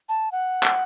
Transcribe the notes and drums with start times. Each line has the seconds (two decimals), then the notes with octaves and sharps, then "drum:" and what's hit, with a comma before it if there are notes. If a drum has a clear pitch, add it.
0.09 A5
0.32 F#5
0.63 drum: clap